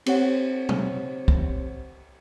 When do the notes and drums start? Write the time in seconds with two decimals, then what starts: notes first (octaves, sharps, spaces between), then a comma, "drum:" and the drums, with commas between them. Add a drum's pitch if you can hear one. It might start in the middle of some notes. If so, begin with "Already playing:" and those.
0.06 C4 G4 C5 C#5 F#5, drum: cymbal
0.69 drum: tom
1.28 drum: kick